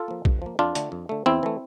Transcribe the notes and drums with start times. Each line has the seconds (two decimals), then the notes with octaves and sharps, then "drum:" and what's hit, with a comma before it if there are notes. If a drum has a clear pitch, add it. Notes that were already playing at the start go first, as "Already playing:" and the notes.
Already playing: F4 A4
0.08 F3 A#3
0.25 G2, drum: kick
0.42 F3 A#3
0.59 F2 D4 F4
0.75 D3 A3, drum: hi-hat
0.92 F2
1.09 D3 A3
1.26 E2 C4 E4
1.43 E3 A3